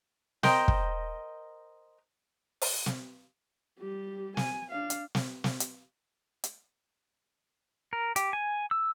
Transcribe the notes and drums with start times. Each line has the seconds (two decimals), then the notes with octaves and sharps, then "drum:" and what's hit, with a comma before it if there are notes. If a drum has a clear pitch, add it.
0.43 A#4 C5 D#5 G5, drum: snare
0.68 drum: kick
2.62 drum: open hi-hat
2.86 drum: snare
3.79 G3 G4
4.37 G#5, drum: snare
4.70 D4 F5
4.90 drum: hi-hat
5.15 drum: snare
5.44 drum: snare
5.60 drum: hi-hat
6.44 drum: hi-hat
7.93 A#4
8.16 G4, drum: hi-hat
8.33 G#5
8.71 E6